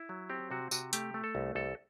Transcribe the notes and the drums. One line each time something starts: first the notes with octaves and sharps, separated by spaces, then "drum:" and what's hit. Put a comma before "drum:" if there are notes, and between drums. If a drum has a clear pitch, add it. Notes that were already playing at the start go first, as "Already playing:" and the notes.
Already playing: E4
F#3
C4 G4
C3 F#4
C3 F#4, drum: tambourine
A3 G4, drum: hi-hat
A3
A4
C2
C2 A4